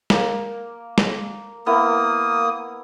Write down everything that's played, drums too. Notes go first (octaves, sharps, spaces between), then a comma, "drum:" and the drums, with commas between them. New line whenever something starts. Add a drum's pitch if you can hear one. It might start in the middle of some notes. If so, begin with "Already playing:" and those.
A#3, drum: snare
drum: snare
A#3 B3 E4 A#4 D#6